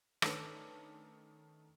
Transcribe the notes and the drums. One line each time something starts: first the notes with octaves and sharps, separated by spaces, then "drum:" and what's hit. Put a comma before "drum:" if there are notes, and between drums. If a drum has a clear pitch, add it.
D#3 A3 C#4 D4 A4 B4, drum: rim click